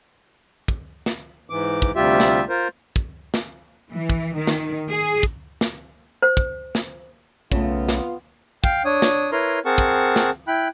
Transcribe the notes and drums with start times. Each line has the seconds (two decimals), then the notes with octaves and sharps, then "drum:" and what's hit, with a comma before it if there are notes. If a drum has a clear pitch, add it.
0.68 drum: kick
1.06 drum: snare
1.50 G#2 E3 D6
1.82 drum: kick
1.96 D2 C3 G3 F4 G4 E5
2.20 drum: snare
2.49 F4 A#4 C5
2.96 drum: kick
3.34 drum: snare
3.91 E3
4.10 drum: kick
4.36 D#3
4.47 drum: snare
4.89 G#4
5.23 drum: kick
5.61 drum: snare
6.22 C5
6.37 drum: kick
6.75 drum: snare
7.52 B1 C#3 A3 B3 F4, drum: kick
7.89 drum: snare
8.64 F5 G5, drum: kick
8.85 D4 C#5 D#6
9.02 drum: snare
9.32 E4 A#4 B4 C#5 A#5 C6
9.65 C4 G#4 A#4 F#5 A5 C#6
9.78 drum: kick
10.16 drum: snare
10.47 E4 G5 B5 F#6